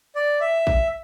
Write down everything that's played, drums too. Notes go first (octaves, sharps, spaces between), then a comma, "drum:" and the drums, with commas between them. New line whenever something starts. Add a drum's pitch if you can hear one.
D5
E5
drum: kick